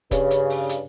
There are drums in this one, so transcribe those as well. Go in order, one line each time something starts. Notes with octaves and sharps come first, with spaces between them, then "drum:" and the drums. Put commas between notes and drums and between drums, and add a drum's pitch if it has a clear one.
G2 C#3, drum: kick, hi-hat
drum: hi-hat
drum: open hi-hat
drum: hi-hat